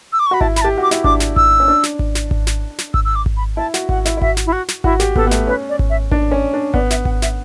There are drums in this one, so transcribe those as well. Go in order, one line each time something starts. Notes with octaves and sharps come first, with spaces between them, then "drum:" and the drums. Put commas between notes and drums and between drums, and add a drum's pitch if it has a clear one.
E6
D6
C#6
F#4 B5
E4 A5, drum: kick G#1
B5, drum: snare
A5
G4
F#4
D6
E4, drum: snare
D4 D6, drum: kick G#1
drum: snare
E6, drum: kick G#1
C#4
D4
drum: snare
drum: kick G#1
drum: snare
drum: kick G#1
drum: snare
drum: snare
E6, drum: kick G#1
E6
D6
drum: kick G#1
B5
E4 A5
F#4, drum: snare
F#4 F#5, drum: kick G#1
E4, drum: snare
E4
F#4 E5, drum: kick G#1
drum: snare
E4
F#4
drum: snare
E4 F#4, drum: kick G#1
G4, drum: snare
B3 A4, drum: kick G#1
B3
A3, drum: snare
C#4 B4
D5
drum: kick G#1
E5
D4, drum: kick G#1
C#4
D4
B3 D5, drum: kick G#1
E5, drum: snare
F#5, drum: kick G#1
E5, drum: snare